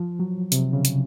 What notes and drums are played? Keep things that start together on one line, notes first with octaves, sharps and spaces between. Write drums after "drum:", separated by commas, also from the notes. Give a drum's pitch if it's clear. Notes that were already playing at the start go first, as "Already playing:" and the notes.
Already playing: F3
F#3
C3, drum: hi-hat
C#3
drum: hi-hat